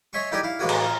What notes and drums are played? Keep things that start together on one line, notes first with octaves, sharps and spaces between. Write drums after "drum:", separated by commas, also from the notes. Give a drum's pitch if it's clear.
C#5 D#5 E5 G#5 C6 C#6
D#4 E4 G4 G#4 A#4 D5
E4 F5
A2 E3 G#3 A#3 F#4 G#4
drum: cymbal
F4